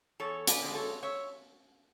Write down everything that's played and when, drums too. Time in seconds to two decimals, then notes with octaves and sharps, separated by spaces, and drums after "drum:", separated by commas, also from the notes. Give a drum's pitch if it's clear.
0.20 E2 A4 C#5
0.47 B4 D5, drum: hi-hat
0.61 D3 G#3
0.75 A4 C#5
1.03 C#5 E5